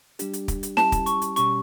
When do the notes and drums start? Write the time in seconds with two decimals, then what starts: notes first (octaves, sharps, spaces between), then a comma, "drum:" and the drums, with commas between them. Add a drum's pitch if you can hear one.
0.19 G3 D4 G4, drum: hi-hat
0.33 drum: hi-hat
0.48 drum: kick, hi-hat
0.63 drum: hi-hat
0.77 G3 C#4 E4 G4 A5, drum: snare
0.92 drum: kick, hi-hat
1.06 C#6, drum: hi-hat
1.22 drum: hi-hat
1.36 B2 G3 C#4 G4 C#6, drum: hi-hat